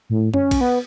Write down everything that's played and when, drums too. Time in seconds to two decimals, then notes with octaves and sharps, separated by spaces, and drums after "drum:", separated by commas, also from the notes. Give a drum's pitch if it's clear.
0.10 A2
0.34 C#4, drum: tom F#2
0.51 drum: kick A#1, cymbal
0.61 B3